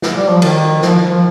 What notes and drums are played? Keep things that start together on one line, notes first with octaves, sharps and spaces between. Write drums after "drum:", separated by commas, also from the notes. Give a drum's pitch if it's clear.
drum: snare
G3
F3
D#3, drum: cymbal
F3, drum: snare
F3